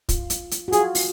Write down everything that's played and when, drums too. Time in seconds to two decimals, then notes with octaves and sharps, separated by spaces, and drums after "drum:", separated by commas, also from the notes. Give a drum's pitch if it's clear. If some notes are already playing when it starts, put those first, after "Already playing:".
0.09 F4, drum: kick, hi-hat
0.30 drum: hi-hat
0.51 drum: hi-hat
0.68 F#4
0.72 F4 G#4, drum: hi-hat
0.95 drum: open hi-hat